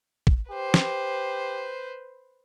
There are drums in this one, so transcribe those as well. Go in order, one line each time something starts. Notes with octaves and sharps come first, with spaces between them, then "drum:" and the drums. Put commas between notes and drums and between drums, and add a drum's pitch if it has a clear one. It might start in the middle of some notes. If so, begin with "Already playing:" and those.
drum: kick
G4 B4 C5
drum: snare